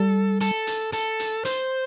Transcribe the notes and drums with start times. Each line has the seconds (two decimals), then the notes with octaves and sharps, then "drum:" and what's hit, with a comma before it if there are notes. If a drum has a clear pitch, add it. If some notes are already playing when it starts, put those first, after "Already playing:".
Already playing: G3 A4
0.41 A4, drum: hi-hat
0.67 drum: hi-hat
0.93 A4, drum: hi-hat
1.20 drum: hi-hat
1.45 C5, drum: hi-hat